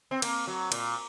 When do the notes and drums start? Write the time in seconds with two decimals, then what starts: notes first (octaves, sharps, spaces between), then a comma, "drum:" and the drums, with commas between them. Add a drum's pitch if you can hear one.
0.11 C4
0.22 A#3, drum: cymbal
0.47 F#3
0.72 A#2, drum: cymbal